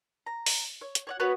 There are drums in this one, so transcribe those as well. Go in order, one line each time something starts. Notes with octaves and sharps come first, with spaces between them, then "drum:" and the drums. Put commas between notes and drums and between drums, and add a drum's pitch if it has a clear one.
A#5
drum: open hi-hat
C#5
drum: hi-hat
C#5 D5 F#5
B3 F#4 B4 C#5